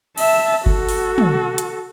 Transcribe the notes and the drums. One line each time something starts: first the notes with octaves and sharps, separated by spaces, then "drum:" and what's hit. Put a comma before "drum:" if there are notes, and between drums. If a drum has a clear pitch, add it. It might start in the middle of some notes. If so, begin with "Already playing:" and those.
E5 A5, drum: cymbal
F#4 A4, drum: kick G1
drum: open hi-hat
drum: tom
drum: hi-hat